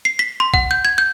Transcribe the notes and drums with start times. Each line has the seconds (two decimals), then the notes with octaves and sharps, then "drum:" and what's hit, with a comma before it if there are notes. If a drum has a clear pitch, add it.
0.05 C7
0.19 B6
0.40 C6
0.54 F#5, drum: kick
0.71 G6
0.85 G#6
0.98 G6